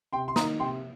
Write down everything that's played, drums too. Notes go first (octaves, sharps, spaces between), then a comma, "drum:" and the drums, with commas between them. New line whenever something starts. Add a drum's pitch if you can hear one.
C3 G5 C6
C6
D#3 A#3 D#4 A#5 D#6, drum: snare
C3 G5 C6